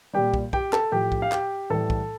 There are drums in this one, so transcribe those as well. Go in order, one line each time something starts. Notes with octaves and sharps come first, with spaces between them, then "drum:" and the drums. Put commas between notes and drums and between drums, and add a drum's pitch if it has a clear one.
A#2 G3 G4 G5
drum: kick
G4 G5, drum: kick
A4 A5, drum: clap
A2 F3 G4 G5
drum: kick
F5
G4 G5, drum: clap
A2 E3 G3 A4 A5
drum: kick